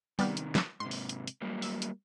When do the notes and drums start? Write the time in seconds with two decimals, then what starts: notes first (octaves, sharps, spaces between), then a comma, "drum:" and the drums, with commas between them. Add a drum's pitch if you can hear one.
0.19 C3 D#3 G3 B3 F6, drum: open hi-hat
0.37 drum: hi-hat
0.55 drum: snare
0.80 G#2 C3 C6
0.91 drum: open hi-hat
1.09 drum: hi-hat
1.27 drum: hi-hat
1.42 F#3 G3 A#3
1.62 E5, drum: open hi-hat
1.82 drum: hi-hat